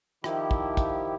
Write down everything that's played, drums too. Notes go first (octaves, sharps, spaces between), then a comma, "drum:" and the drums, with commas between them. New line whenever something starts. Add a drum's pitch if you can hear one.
D#3 F3 E4 G4, drum: rim click
drum: kick
drum: kick, hi-hat